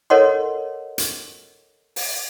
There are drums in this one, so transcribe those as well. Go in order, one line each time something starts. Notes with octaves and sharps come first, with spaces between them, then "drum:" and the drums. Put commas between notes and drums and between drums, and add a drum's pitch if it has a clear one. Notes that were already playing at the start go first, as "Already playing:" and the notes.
A4 A#4 C#5 D#5 F#5 C6
drum: hi-hat
drum: open hi-hat